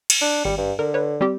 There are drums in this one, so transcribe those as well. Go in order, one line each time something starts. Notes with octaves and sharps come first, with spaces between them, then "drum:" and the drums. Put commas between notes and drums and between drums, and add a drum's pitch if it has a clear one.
drum: cymbal
D4
G#1 G3 C#7
G2
D3 A#4
B4 C#5
G3 C4 G4